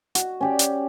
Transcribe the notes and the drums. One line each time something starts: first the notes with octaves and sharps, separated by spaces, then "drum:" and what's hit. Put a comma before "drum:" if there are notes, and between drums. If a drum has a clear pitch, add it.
F#4, drum: hi-hat
C#4 G4 D5
drum: hi-hat